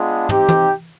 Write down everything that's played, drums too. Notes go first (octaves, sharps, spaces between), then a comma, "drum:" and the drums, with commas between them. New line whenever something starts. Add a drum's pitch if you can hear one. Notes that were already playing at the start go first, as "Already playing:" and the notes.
Already playing: G#3 B3 D4 F4
C4 D#4 G4, drum: tom
drum: tom